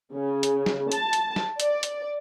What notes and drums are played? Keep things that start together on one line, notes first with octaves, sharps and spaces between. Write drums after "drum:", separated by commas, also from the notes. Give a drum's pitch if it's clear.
C#3
drum: hi-hat
drum: snare
A5, drum: hi-hat
drum: hi-hat
drum: snare
D5, drum: hi-hat
drum: hi-hat